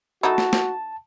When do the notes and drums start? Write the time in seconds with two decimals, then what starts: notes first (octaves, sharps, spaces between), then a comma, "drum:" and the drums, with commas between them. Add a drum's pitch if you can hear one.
0.23 A3 D#4 E4 F#4 A5
0.38 drum: snare
0.53 drum: snare